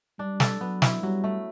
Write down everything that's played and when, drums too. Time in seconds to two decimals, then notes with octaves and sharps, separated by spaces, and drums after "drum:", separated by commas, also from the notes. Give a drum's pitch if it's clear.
0.19 G3 D4
0.40 A4, drum: snare
0.61 F#3 B3
0.82 E4, drum: snare
1.02 F#3 G3
1.24 A3